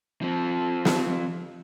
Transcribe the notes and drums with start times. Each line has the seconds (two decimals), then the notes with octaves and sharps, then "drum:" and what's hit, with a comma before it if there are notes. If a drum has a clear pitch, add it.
0.22 F3 C4
0.85 drum: snare